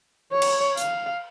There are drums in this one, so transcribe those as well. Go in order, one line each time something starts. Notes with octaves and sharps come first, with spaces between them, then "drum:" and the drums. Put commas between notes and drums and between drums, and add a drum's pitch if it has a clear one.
C#5
drum: cymbal
F5, drum: hi-hat